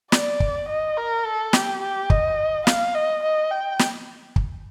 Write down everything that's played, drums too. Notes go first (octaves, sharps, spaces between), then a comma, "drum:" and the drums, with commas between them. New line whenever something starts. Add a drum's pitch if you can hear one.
D5, drum: snare
drum: kick
D#5
A#4
A4
G4, drum: snare
G4
D#5, drum: kick
F5, drum: snare
D#5
D#5
G5
drum: snare
drum: kick